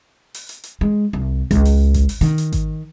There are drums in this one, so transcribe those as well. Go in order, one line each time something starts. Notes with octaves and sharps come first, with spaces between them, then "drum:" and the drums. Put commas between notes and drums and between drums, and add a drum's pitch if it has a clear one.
drum: open hi-hat
drum: hi-hat
drum: hi-hat
G#3
C2
C#2, drum: kick G#1, hi-hat
drum: open hi-hat
drum: kick G#1, hi-hat
drum: open hi-hat
D#3, drum: hi-hat
drum: hi-hat
drum: kick G#1, hi-hat